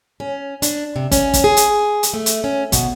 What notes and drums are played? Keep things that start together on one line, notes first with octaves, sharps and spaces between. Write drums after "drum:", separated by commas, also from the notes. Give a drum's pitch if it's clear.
C#4
D4, drum: hi-hat
C3
C#4, drum: kick, hi-hat
drum: kick, hi-hat
G#4
drum: hi-hat
drum: hi-hat
A3
drum: hi-hat
C#4
B2, drum: kick, hi-hat